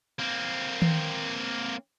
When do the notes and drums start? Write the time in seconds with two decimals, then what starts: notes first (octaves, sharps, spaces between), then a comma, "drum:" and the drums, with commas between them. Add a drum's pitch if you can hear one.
0.19 A#3 C4
0.82 drum: tom D#3